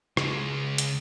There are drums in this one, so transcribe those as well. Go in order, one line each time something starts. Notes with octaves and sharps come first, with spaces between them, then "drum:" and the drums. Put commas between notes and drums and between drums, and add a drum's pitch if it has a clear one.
C#2 C#3, drum: rim click
drum: hi-hat